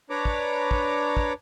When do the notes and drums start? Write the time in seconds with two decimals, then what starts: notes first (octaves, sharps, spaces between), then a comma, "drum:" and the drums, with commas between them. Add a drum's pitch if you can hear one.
0.10 D4 B4 C#5 A#5 D6
0.25 drum: kick
0.71 drum: kick
1.17 drum: kick